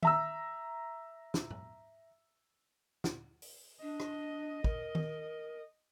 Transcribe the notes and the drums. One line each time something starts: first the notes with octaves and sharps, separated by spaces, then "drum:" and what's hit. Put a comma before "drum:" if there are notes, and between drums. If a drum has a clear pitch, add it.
E5 A#5 E6, drum: tom D#3
drum: snare
drum: tom G#2
drum: snare
drum: open hi-hat
D4 D#5
drum: rim click
A#4, drum: kick
drum: tom D#3